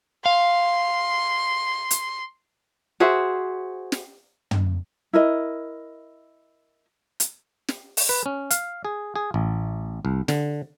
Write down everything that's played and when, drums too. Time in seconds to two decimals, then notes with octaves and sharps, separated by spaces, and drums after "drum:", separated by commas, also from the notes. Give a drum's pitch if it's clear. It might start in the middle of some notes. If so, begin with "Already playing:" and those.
0.26 F5 C6
1.91 drum: hi-hat
3.00 F#4 G#4 C5 E5
3.92 drum: snare
4.51 drum: tom
5.13 E4 A#4 D#5
7.20 drum: hi-hat
7.68 drum: snare
7.97 drum: open hi-hat
8.09 B4
8.26 C#4
8.51 F5, drum: hi-hat
8.85 G#4
9.16 G#4
9.34 A1
10.05 C2
10.28 D3, drum: snare